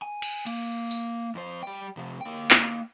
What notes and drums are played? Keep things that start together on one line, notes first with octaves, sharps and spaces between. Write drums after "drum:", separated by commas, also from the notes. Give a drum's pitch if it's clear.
G#5
drum: cymbal
A#3, drum: hi-hat
drum: tambourine
F2 C5
G3 G5
C3 F3
A#3 G5
drum: clap